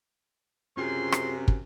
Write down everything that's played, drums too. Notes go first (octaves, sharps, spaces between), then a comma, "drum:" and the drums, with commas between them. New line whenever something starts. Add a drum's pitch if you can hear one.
F#2 C3 C#4 F4 G#4 C6
drum: rim click
drum: kick